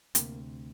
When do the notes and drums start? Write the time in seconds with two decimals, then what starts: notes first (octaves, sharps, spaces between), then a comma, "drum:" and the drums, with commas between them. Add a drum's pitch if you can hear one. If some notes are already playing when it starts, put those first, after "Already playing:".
0.15 D2 C3 A#3, drum: hi-hat